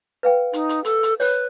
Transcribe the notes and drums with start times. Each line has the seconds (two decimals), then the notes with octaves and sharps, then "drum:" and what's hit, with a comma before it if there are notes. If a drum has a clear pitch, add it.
0.23 B4 F5 G5
0.53 D#4, drum: hi-hat
0.69 drum: hi-hat
0.85 A4, drum: hi-hat
1.03 drum: hi-hat
1.20 B4 C#5, drum: open hi-hat